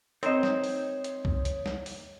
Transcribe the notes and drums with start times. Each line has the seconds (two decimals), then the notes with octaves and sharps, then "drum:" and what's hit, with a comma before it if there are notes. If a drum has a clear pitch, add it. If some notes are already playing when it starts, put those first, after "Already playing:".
0.23 C4 D#4 A#4 C5 C#5 D#5, drum: hi-hat
0.43 drum: snare
0.64 drum: open hi-hat
1.04 drum: hi-hat
1.25 drum: kick C2
1.45 drum: hi-hat
1.66 drum: snare
1.86 drum: open hi-hat